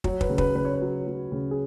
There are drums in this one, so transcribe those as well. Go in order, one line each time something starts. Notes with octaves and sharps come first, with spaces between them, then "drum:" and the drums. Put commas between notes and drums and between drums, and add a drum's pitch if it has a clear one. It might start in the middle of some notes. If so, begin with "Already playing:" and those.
F#3 C#5, drum: kick
B4, drum: kick
C#3
B4, drum: kick
C#3 B4
C#5
B4
F#3
F#3
C#3
G#4